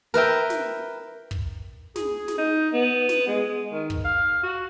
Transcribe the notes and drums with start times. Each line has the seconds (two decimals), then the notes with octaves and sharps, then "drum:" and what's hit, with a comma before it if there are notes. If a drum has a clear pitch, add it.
0.14 A#4 B4 E5 G5
0.50 drum: snare
1.31 drum: kick
1.96 G#4, drum: snare
2.28 drum: snare
2.38 D#4
2.74 B3
3.09 drum: snare
3.27 G#3
3.72 D#3
3.90 drum: kick
4.05 F5
4.43 F#4